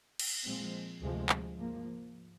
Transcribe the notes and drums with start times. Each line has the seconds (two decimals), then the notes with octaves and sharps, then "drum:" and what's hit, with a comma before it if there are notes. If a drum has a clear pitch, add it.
0.19 drum: cymbal
0.45 A#2 F3 G#3 C4
1.02 D2 C3 F3 G#3
1.29 drum: clap
1.58 G#2 F3 A#3